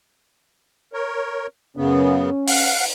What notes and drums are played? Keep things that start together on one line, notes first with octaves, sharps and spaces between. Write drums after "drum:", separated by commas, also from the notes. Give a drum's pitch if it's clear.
A#4 C#5
F#2 C#3 B3 C#4
F5 F#5, drum: open hi-hat